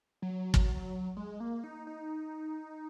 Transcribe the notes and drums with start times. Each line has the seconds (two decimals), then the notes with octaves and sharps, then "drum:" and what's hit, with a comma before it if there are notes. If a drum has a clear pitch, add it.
0.22 F#3
0.54 drum: kick
1.17 G#3
1.40 A#3
1.64 D#4
1.87 D#4